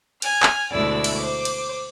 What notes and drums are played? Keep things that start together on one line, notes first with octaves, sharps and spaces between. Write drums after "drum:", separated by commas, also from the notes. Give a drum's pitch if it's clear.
G#5 F6, drum: cymbal
drum: clap
D2 B2 G#3 E4 D5 E6
drum: cymbal
C5 D6
drum: cymbal